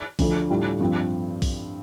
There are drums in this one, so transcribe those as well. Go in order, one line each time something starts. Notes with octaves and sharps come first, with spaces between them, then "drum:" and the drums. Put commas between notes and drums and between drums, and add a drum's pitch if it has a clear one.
D2 D3 F3, drum: kick A#1, open hi-hat
A2 G3 D4 F4
G2 F3 C4
drum: kick A#1, open hi-hat